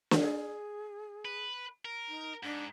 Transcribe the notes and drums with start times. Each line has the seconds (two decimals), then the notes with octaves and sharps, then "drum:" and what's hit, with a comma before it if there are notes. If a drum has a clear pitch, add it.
0.11 drum: snare
0.21 G#4
1.25 B4
1.85 A#4
2.08 D#4
2.43 G#2 D4